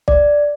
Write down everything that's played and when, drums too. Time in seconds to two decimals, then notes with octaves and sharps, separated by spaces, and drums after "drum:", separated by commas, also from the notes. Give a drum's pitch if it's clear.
0.08 D5, drum: kick